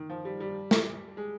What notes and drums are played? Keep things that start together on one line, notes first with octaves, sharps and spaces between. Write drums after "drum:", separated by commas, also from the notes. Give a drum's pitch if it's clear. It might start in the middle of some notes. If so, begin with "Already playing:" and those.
Already playing: D#3
F3
G3
G3
drum: snare
G#3